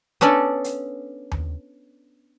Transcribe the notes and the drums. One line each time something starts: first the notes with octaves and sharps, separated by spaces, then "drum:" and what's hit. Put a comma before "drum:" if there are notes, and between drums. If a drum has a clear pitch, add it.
B3 C#4 D4 A4 D5
drum: hi-hat
drum: tom D#2